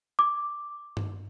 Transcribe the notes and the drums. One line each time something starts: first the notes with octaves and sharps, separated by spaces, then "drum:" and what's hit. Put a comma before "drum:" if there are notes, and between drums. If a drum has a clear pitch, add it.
D6
drum: tom G2